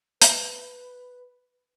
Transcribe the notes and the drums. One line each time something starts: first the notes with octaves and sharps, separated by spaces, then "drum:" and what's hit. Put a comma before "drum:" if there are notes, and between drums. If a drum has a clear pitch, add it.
B4, drum: hi-hat